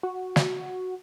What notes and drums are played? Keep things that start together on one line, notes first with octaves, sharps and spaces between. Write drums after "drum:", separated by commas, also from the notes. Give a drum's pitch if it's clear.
F#4
drum: snare